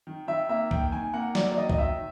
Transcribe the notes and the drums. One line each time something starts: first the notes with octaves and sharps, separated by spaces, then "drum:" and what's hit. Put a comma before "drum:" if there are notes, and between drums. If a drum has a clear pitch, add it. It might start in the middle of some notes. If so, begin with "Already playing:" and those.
D#3
D#3 E5
A#3 E5
D#3 G5, drum: kick
D#3 G#5
A#3 F#5
F#3 D5, drum: snare
D5
D#3 D#5
D#5, drum: kick
D#3 E5